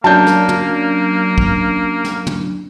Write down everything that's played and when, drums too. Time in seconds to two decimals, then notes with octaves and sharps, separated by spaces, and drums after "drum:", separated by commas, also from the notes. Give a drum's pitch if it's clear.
0.04 F#3 A#3 C#4 D4 A5 G6
0.26 drum: snare
0.49 drum: tom
1.38 drum: kick
2.04 drum: snare
2.27 drum: tom